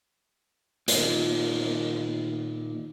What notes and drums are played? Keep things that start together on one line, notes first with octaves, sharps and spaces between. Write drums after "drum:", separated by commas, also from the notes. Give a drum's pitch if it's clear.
A#2 D#3, drum: hi-hat